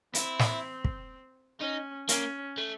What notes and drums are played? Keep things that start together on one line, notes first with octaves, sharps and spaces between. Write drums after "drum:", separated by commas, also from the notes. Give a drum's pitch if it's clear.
C4 E4, drum: hi-hat
drum: snare
drum: kick
C#4 D#4
A#3 C#4, drum: hi-hat
A3